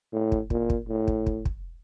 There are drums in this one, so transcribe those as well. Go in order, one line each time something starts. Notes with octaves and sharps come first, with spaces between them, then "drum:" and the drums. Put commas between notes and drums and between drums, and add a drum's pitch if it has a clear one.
A2
drum: kick
A#2, drum: kick
drum: kick
A2
drum: kick
drum: kick
drum: kick